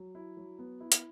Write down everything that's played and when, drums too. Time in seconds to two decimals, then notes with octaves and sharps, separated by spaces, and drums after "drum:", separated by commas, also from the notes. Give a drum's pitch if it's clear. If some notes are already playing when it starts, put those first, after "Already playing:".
Already playing: F#3
0.15 E4
0.37 F#3
0.59 B3
0.80 E4
0.92 drum: hi-hat